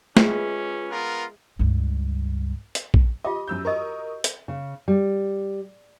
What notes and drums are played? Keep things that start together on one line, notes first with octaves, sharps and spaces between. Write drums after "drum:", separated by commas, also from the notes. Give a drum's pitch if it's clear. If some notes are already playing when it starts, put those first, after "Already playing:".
G#3 C#4 F4 G#4 B4 E5, drum: snare
B3 F4 A#4
C#2 G2
drum: hi-hat
drum: kick A#1
F4 G4 D#5 D6
F#2 E6 G6
F#4 A#4 D#5 C#6 D#6
drum: hi-hat
C#3
G3